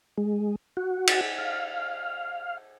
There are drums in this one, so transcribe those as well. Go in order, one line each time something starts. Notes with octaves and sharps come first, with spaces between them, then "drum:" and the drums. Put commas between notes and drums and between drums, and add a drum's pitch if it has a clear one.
G#3
F#4
drum: cymbal
F5